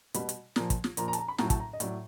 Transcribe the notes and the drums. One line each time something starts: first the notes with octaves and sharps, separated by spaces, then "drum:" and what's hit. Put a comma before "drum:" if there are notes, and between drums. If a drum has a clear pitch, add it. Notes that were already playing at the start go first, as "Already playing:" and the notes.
B2 G3 B5, drum: hi-hat
drum: hi-hat
A#2 F3 A#5, drum: snare
drum: kick, hi-hat
drum: snare
A#2 F3 A#5, drum: hi-hat
A#5
A5, drum: hi-hat
A#5
B5
A2 F#3 A#5, drum: snare
A5, drum: kick, hi-hat
A#5
D#5
A2 F#3 D5, drum: hi-hat